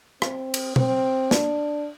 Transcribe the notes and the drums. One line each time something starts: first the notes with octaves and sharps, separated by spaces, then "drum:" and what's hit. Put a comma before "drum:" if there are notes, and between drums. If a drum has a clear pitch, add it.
C4, drum: rim click
drum: cymbal
C4, drum: tom B2
D4, drum: snare